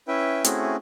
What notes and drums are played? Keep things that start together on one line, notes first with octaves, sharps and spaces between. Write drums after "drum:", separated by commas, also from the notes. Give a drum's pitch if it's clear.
C#4 E4 B4 E5 G5
A3 C4 C#4 E4 F#4 G#4, drum: hi-hat